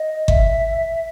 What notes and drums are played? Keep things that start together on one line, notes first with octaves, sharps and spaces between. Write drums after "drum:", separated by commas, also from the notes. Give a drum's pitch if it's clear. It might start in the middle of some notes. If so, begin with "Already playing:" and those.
Already playing: D#5
E5, drum: kick G1